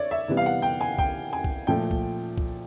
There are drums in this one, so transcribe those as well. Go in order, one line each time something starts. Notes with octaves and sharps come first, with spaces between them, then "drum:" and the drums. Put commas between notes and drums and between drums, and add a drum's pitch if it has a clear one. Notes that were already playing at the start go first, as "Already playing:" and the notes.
Already playing: C#5 D5 E5
E5
C3 E3 G3 B3
F5
F#5
G5
G#5
G5, drum: kick C2
G#5
drum: kick C2
A#2 F3 A3 G5
drum: kick C2
drum: kick C2